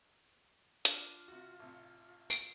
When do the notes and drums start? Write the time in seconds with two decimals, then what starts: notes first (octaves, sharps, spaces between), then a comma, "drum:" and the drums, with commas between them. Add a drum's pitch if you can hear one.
0.85 D4 F4, drum: hi-hat
1.28 C3 F#4
1.59 A1 C3
2.30 drum: tambourine